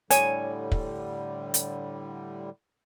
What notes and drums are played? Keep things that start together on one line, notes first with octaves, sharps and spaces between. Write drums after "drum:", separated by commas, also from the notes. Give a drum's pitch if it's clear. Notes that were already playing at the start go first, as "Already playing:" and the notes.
A2 D3 G3 C#5 G#5, drum: hi-hat
drum: kick
drum: hi-hat